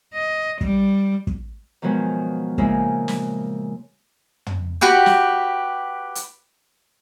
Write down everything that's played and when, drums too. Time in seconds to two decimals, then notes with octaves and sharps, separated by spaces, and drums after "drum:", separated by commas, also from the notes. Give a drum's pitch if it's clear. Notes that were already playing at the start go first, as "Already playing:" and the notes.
0.14 D#5
0.61 G3, drum: kick
1.27 drum: kick
1.82 B2 D#3 F3 F#3 G#3 B3
2.58 A#2 C#3 F3 G#3 A#3 E4, drum: kick
3.08 drum: snare
4.46 drum: tom
4.81 F#4 G4 B4 G5
5.06 drum: snare
6.15 drum: hi-hat